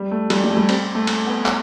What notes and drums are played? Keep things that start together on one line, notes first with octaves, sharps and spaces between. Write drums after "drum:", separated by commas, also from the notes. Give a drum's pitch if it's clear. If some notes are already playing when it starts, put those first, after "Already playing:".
Already playing: G3
A3
G3, drum: cymbal
G3
A3
G3
C4, drum: cymbal
A3
A3, drum: cymbal
B3
drum: clap